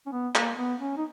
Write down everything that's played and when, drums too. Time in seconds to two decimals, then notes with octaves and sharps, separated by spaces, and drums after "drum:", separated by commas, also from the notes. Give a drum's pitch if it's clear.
0.06 C#4
0.12 B3
0.35 A#3, drum: clap
0.57 B3
0.80 C#4
0.97 D#4